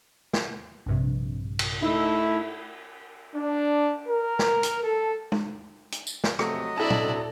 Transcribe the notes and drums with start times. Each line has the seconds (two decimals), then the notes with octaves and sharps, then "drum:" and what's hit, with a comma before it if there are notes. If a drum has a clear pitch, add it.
0.33 drum: snare
0.86 A#1 G2 C3
1.59 drum: cymbal
1.82 A3 D#4 E4 E6
3.35 D4
4.07 A#4
4.39 drum: snare
4.63 drum: hi-hat
4.83 A4
5.32 drum: tom G#3
5.92 drum: hi-hat
6.07 drum: tambourine
6.24 drum: snare
6.39 C3 F3 F#3 A3 C4 D#5, drum: rim click
6.77 B2 C4 D4 E4 A4 D5 A5
6.90 drum: tom